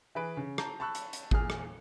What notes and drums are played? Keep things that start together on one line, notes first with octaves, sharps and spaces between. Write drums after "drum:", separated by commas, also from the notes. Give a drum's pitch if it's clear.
E3 G#4 B4 D7
C#3
A5 A#5 G6, drum: rim click
A5 B5 C#6 E6 F#6
drum: hi-hat
drum: hi-hat
E2 A#2 G#4 F6, drum: kick G#1
drum: rim click